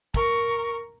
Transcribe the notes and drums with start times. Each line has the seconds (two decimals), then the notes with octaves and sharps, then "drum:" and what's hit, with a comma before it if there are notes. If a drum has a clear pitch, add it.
0.14 A#4 C#6, drum: kick